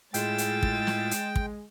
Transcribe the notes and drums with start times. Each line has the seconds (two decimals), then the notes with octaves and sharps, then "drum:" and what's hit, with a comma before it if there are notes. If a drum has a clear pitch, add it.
0.14 A2 G#3 E4 F4 G5 A6 E7, drum: hi-hat
0.38 drum: hi-hat
0.63 drum: kick
0.87 drum: snare
1.11 drum: hi-hat
1.36 drum: kick